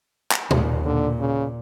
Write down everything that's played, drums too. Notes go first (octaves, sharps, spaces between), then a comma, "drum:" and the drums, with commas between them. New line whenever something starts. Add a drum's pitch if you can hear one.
drum: clap
D#2 A#2, drum: tom B2
A#2 D3
C#3